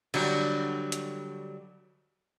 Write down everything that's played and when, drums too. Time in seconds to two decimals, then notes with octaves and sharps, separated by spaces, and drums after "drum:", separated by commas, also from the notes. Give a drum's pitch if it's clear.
0.14 D3 F#3 G3, drum: cymbal
0.92 drum: hi-hat